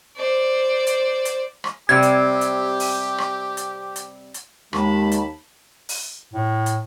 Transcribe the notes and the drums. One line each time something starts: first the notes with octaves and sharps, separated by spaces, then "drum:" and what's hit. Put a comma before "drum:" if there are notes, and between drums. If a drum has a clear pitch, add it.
C5 D5
drum: hi-hat
drum: hi-hat
drum: rim click
C3 G3 C4 G4 G#6
drum: hi-hat
drum: hi-hat
drum: open hi-hat
drum: rim click
drum: hi-hat
drum: hi-hat
drum: hi-hat
D#2 G#3 A5 B5, drum: rim click
drum: hi-hat
drum: open hi-hat
A2
drum: hi-hat